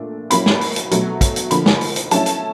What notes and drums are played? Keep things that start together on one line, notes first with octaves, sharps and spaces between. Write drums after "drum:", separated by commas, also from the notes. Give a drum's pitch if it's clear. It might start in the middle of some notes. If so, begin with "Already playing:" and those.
Already playing: A#2 A3 D4
F#3 A#3 C#4 E4 B5, drum: hi-hat
drum: snare
drum: open hi-hat
drum: hi-hat
B2 F#3 A3, drum: hi-hat
drum: kick, hi-hat
drum: hi-hat
D3 F3 A#3 B5, drum: hi-hat
drum: snare
drum: open hi-hat
drum: hi-hat
F#3 A3 C#4 E4 A5, drum: hi-hat
drum: hi-hat